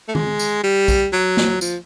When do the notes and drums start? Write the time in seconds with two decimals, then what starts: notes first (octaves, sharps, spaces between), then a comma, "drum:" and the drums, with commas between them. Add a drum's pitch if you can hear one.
0.08 A3
0.15 G#3, drum: tom D#3
0.39 drum: tambourine
0.64 G3
0.88 drum: kick A#1, tambourine
1.13 F#3
1.37 drum: snare
1.61 F3, drum: tambourine